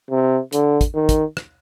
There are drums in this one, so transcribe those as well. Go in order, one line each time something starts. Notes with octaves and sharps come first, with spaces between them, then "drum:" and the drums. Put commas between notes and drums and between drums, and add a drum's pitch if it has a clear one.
C3
D3, drum: hi-hat
drum: kick, hi-hat
D#3
drum: kick, hi-hat
drum: rim click